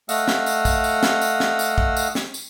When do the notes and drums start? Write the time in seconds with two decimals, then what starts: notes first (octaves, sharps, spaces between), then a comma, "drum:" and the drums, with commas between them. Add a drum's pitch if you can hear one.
0.09 A3 D#5 F5 F#5 E6, drum: tambourine
0.28 drum: snare
0.46 drum: tambourine
0.65 drum: kick, tambourine
0.84 drum: tambourine
1.03 drum: snare
1.21 drum: tambourine
1.40 drum: snare
1.59 drum: tambourine
1.78 drum: kick
1.96 drum: tambourine
2.15 drum: snare
2.34 drum: tambourine